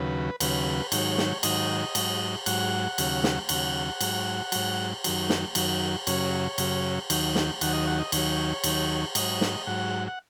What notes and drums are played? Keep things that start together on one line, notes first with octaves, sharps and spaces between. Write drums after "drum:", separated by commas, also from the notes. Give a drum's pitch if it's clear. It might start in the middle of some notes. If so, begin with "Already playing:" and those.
Already playing: D#2 C#3 F#3 B4
D#2 C#3 F#3 B4, drum: cymbal
G#2 D#3 F#3 C#5, drum: cymbal
drum: snare
G#2 D#3 F#3 D#5, drum: cymbal
G#2 F#3, drum: cymbal
G#2 F#3 F#5, drum: cymbal
D#2 C#3 F#3, drum: cymbal
drum: snare
D#2 C#3 F#3 F#5, drum: cymbal
G#2 F#3, drum: cymbal
G#2 F#3, drum: cymbal
F#2 D#3 F#3, drum: cymbal
drum: snare
F#2 D#3 F#3, drum: cymbal
F#2 C#3 F#3 C#5, drum: cymbal
F#2 C#3 F#3, drum: cymbal
D#2 D#3 F#3, drum: cymbal
drum: snare
D#2 D#3 F#3 F#5, drum: cymbal
D#5
F#5
D#5
D#2 D#3 F#3 C#5, drum: cymbal
D#2 D#3 F#3, drum: cymbal
G#2 F#3 D#5, drum: cymbal
drum: snare
G#2 F#3 F#5
F#5